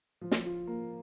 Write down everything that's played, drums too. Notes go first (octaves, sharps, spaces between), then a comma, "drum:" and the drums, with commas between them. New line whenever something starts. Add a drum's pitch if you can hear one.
F3
drum: snare
F4
A#3